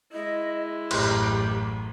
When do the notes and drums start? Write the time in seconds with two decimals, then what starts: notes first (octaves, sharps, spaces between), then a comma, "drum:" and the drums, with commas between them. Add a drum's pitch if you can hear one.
0.12 G#3 E4 D#5
0.91 A1 F#2 G4, drum: cymbal